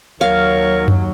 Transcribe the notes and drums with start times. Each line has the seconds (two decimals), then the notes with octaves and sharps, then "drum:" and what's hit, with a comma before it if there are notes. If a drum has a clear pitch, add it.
0.21 D#2 F#3 A#4 C#5 F5
0.88 drum: tom F#2